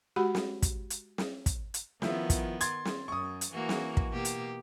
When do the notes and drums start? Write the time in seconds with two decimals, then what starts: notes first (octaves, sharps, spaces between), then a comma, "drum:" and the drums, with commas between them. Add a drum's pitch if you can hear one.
0.16 G#3 F#4 G4 F#5 B5
0.35 drum: snare
0.62 drum: kick, hi-hat
0.90 drum: hi-hat
1.18 drum: snare
1.46 drum: kick, hi-hat
1.74 drum: hi-hat
2.02 D#3 F3 B3 E4, drum: snare
2.30 drum: kick, hi-hat
2.61 C6 G#6 A6, drum: hi-hat
2.85 drum: snare
3.08 F#2 C#6 D#6
3.41 drum: hi-hat
3.53 E3 A#3 F#4
3.69 drum: snare
3.97 drum: kick
4.11 B2 A#3 G4
4.25 drum: hi-hat